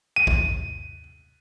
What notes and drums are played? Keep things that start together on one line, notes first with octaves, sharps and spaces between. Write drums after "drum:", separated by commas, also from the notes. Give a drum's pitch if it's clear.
D#7
drum: kick